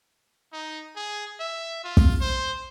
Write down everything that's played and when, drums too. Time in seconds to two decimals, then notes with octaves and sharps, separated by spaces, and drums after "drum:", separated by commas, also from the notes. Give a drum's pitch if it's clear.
0.53 D#4
0.96 G#4
1.40 E5
1.84 F4
1.97 drum: kick
2.21 C5